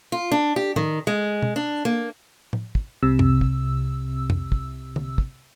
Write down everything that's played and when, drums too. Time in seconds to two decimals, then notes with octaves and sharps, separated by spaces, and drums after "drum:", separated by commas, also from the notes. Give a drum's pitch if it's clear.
0.12 F4
0.32 D4
0.56 G4
0.76 D#3, drum: tom A2
1.07 G#3
1.42 drum: tom
1.56 D4
1.85 A#3
2.53 drum: tom A2
2.75 drum: kick
3.03 C2 C3 E6
3.19 drum: tom F2
3.41 drum: kick
4.30 drum: tom F2
4.52 drum: kick
4.96 drum: tom
5.18 drum: kick